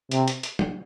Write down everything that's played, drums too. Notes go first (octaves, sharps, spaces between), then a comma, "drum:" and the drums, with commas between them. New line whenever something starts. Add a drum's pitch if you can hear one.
C3, drum: hi-hat
drum: hi-hat
drum: hi-hat
drum: tom